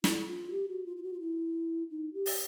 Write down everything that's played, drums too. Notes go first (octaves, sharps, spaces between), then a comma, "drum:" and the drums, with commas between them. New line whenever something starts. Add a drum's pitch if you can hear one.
E4, drum: snare
F4
G4
F#4
F4
F4
F#4
F4
E4
D#4
G4
drum: open hi-hat